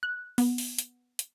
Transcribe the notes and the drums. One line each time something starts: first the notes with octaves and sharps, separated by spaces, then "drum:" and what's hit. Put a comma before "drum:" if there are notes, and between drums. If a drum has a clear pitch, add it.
F#6
B3, drum: open hi-hat
drum: open hi-hat
drum: hi-hat
drum: hi-hat